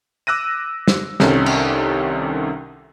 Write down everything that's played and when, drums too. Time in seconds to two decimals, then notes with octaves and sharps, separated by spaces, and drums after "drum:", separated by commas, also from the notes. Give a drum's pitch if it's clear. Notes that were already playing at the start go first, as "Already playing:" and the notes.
0.27 D6 E6 F#6 A#6 D#7
0.88 drum: snare
1.20 C2 C3 D#3 C#4 A4, drum: snare
1.46 drum: cymbal